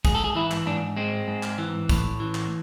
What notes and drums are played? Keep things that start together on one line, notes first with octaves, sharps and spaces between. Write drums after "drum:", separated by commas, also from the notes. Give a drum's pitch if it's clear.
G#2 G#4, drum: kick, tambourine
A4
G#4
E3 E4
drum: clap
G#2 D4
G#3 C4
G#2
drum: clap
E3
A2, drum: kick, tambourine
E3
drum: clap